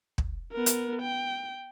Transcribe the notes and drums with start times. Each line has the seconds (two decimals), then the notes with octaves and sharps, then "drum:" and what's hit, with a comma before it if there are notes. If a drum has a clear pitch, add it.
0.18 drum: kick
0.52 B3 A#4
0.66 drum: hi-hat
1.02 G5